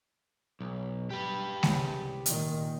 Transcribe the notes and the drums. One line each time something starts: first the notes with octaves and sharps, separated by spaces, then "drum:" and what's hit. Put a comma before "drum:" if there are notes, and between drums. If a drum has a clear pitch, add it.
B1
G4 B4
C2 C#3, drum: snare G#3
A#2 D#3, drum: hi-hat